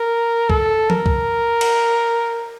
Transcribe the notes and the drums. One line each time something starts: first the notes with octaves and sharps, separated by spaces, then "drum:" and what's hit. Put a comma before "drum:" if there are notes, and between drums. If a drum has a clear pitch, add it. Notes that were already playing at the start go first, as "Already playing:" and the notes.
Already playing: A#4
A4, drum: kick C2
A#4, drum: tom E3
drum: kick C2
drum: cymbal